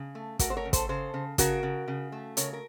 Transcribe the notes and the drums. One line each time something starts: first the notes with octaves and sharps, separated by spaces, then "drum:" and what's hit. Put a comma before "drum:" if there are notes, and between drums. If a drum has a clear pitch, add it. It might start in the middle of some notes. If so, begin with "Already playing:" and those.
Already playing: C#3
A3
A3 F#4 A#4, drum: kick, hi-hat
C5
A#4 C#5
C#3
A4 C5, drum: kick, hi-hat
C#3 A4 C5
C#3
C#3 F#4 A#4, drum: kick, hi-hat
C#3
C#3
A3
C#3 A#4 C#5, drum: hi-hat
A#4